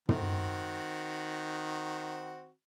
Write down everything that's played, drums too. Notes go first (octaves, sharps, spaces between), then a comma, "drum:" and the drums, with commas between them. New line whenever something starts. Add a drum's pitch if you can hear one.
D#3 C4 F#4, drum: tom